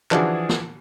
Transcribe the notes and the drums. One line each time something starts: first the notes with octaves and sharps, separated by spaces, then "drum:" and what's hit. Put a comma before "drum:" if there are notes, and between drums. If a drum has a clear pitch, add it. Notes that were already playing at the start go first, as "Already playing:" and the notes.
E3 F3 D4 F#4 G#4, drum: clap
drum: snare